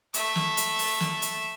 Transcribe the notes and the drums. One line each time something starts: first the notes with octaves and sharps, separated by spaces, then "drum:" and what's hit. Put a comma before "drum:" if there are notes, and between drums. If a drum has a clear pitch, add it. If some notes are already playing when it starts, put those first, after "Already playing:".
A3 E5, drum: hi-hat
drum: snare
drum: hi-hat
drum: open hi-hat
drum: snare
drum: hi-hat